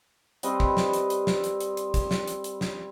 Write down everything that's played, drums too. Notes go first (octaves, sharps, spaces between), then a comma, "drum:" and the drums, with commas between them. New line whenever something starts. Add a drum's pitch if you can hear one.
G3 C4 B4 D#5, drum: hi-hat
drum: kick
drum: snare
drum: hi-hat
drum: hi-hat
drum: snare
drum: hi-hat
drum: hi-hat
drum: hi-hat
drum: kick, hi-hat
drum: snare
drum: hi-hat
drum: hi-hat
drum: snare